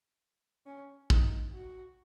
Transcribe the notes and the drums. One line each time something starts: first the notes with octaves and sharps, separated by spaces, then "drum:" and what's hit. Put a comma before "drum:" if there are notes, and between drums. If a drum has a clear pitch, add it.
C#4
D#4, drum: kick
F#4